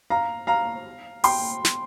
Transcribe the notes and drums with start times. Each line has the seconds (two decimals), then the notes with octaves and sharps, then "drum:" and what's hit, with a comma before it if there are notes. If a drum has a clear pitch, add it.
0.10 F5 A#5
0.47 F5 A#5
1.24 G5 C6, drum: open hi-hat
1.65 drum: snare